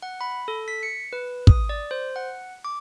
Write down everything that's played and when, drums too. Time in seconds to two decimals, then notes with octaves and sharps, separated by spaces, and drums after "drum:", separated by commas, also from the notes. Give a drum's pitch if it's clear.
0.02 F#5
0.21 B5
0.48 A4
0.68 B6
0.83 C#7
1.13 B4
1.47 D#6, drum: kick
1.69 D5
1.91 C5
2.16 F#5
2.65 D6